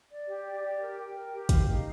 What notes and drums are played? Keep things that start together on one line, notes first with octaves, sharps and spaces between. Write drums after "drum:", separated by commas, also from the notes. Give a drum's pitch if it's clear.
D5
G4
D5
G4
A#4
G5
A#4
G4
F5, drum: kick, hi-hat
D#4